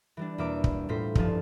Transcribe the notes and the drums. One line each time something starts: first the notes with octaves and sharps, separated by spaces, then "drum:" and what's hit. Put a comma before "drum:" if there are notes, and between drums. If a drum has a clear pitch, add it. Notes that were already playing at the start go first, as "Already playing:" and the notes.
E3 G3 D4
E2 B2 A#3 E5 D6 D7
drum: kick
A2 F4 C5 B6
F1 G2 F3 A5, drum: kick